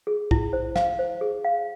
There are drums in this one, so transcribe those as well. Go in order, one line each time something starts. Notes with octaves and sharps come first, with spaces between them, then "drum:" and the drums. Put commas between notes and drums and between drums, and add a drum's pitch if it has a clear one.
G#4
E4, drum: kick B1
C5
F5, drum: snare
C5
G#4
F5